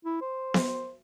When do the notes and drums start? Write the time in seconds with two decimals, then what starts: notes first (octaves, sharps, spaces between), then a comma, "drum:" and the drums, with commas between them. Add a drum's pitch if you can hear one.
0.05 E4
0.21 C5
0.54 drum: snare B3